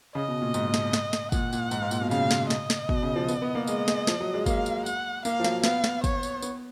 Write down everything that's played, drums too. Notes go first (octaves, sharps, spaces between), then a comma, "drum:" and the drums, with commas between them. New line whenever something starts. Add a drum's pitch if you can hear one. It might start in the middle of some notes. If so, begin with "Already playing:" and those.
C#3 D#5
B2
A#2
G#2, drum: tambourine
drum: snare
drum: snare
drum: snare
A#2 F#5, drum: kick, tambourine
A#2, drum: tambourine
G#2, drum: tambourine
G#2
A#2, drum: tambourine
B2
C#3 F5, drum: tambourine
drum: snare
D#5, drum: snare
drum: snare
B2, drum: kick
C#3
F3
B3, drum: tambourine
B3
A#3
G#3 D#5, drum: tambourine
G#3, drum: snare
F3, drum: snare
F#3
G#3
A#3 F5, drum: kick, tambourine
drum: tambourine
F#5, drum: tambourine
A#3 F5, drum: tambourine
F3
F#3, drum: snare
B3 F5, drum: snare
drum: snare
C#5, drum: kick, tambourine
drum: tambourine
B3, drum: tambourine